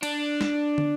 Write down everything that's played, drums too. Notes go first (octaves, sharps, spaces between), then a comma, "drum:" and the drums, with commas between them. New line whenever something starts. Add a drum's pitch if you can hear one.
D4, drum: cymbal
drum: snare
drum: tom